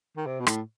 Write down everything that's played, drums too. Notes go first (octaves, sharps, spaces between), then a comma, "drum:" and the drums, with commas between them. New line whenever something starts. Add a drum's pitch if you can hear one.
D#3
C3
B2
A2, drum: rim click